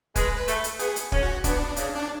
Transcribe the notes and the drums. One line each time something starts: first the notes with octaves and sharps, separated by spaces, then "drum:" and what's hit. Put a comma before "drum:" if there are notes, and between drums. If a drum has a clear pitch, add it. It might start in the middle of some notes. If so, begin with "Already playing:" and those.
G#3 B4, drum: kick, hi-hat
B4
A3, drum: hi-hat
drum: hi-hat
B3 G#4, drum: hi-hat
drum: hi-hat
C#4, drum: kick
F#4
B3 D4, drum: kick, hi-hat
C#3, drum: hi-hat
D4